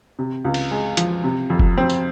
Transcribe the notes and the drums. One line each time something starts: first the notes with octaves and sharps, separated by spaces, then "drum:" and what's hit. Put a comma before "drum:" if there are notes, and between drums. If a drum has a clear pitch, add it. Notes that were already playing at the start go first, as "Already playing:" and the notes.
C3
C#2
drum: cymbal
G#3
F3, drum: hi-hat
C3
F2
drum: kick F1
C4
drum: tambourine